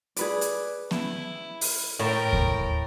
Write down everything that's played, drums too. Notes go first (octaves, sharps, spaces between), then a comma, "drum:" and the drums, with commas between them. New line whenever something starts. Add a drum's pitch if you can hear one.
G#4 B4 D5, drum: hi-hat
drum: hi-hat
E4, drum: snare B3
drum: open hi-hat
A2 A#4 G5
drum: kick D#2